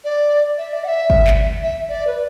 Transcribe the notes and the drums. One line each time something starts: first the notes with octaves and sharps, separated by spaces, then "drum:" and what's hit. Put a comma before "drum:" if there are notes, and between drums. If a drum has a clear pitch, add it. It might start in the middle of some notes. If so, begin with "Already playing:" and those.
D5
E5
D5
F#5
E5
drum: kick G1
drum: clap
E5
D5
B4